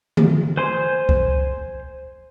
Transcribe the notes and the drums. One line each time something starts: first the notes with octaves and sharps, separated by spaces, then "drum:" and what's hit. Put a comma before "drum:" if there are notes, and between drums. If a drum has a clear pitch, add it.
drum: tom D3
C5 G#5 C6
drum: kick